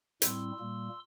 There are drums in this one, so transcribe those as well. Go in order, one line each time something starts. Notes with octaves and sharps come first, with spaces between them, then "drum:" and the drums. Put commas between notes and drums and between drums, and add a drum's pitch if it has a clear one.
A2 G3 C4 E4 C6 E6, drum: hi-hat
A#2 G3 A#3